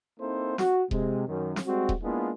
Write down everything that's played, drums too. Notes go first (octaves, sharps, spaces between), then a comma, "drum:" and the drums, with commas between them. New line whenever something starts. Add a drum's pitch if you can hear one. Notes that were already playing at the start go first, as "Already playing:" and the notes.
A#3 C4 D#4 E4 A4 C5
F#4, drum: snare
C3 G#3, drum: kick D#1
F#2 D#3
drum: snare
G3 G#3 C4 F#4
drum: kick D#1
G#3 A#3 B3 D4 E4 F4